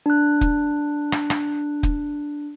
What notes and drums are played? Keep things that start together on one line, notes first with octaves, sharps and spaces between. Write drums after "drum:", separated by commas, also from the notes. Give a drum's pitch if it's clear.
D4 F#6
drum: kick
drum: rim click
drum: rim click
drum: kick